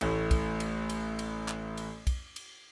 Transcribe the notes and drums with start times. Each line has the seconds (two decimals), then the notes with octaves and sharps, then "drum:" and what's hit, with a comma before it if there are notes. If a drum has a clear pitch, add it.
0.01 A1 A2, drum: cymbal
0.31 drum: kick, cymbal
0.60 drum: cymbal
0.90 drum: cymbal
1.19 drum: cymbal
1.48 drum: clap
1.77 drum: cymbal
2.07 drum: kick, cymbal
2.36 drum: cymbal